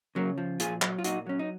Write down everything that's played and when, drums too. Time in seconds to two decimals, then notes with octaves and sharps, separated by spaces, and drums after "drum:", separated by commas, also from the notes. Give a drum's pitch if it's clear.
0.15 C#3 F#3 A#3
0.38 F3
0.60 A#2 F4 G#4, drum: hi-hat
0.82 F#3, drum: clap
0.99 F4
1.04 A#2 D#4 F#4, drum: hi-hat
1.27 F#3 C#4
1.39 D#4